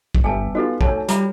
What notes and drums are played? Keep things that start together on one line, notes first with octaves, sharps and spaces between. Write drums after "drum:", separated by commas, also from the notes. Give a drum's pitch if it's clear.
drum: kick
G1 G3 B3 E5 G#5 A5
B3 D#4 F4 F#4 A4
D2 A4 C#5 G#5 A5, drum: kick
G3 F4 G4 A#5 B5, drum: hi-hat